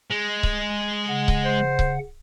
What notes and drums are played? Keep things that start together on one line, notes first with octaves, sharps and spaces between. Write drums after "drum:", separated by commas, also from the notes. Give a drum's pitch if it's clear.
G#3
drum: kick C#1
C#3 F#5
drum: kick C#1
C5
drum: kick C#1